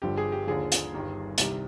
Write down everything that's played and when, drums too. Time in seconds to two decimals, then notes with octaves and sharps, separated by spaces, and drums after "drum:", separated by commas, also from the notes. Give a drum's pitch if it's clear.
0.02 G1 G2 D3 F3 G4
0.17 G#4
0.32 G4
0.47 D#2 D3 F3 G#4
0.72 drum: hi-hat
0.93 G1 G2 D#3 G3
1.38 C2 C3 D#3 G3, drum: hi-hat